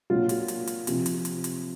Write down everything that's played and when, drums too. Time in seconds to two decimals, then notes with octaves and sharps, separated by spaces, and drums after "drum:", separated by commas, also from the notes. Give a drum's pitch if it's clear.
0.10 A#2 F#3 F4
0.29 drum: hi-hat
0.48 drum: hi-hat
0.67 drum: hi-hat
0.87 C3 F3, drum: hi-hat
1.06 drum: hi-hat
1.25 drum: hi-hat
1.44 drum: hi-hat